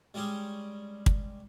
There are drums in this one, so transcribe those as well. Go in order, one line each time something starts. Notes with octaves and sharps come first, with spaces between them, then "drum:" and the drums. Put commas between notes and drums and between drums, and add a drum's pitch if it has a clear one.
G3 G#3 C#4 G4 G#4
drum: kick